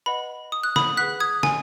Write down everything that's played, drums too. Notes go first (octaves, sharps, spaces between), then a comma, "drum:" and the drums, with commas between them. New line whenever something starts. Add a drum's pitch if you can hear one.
B4 D#5 F#5 B5
D#6
F#6
B5 D#6, drum: snare
G#4 B4 F#5 F#6 B6
D#6 G#6
G#5, drum: snare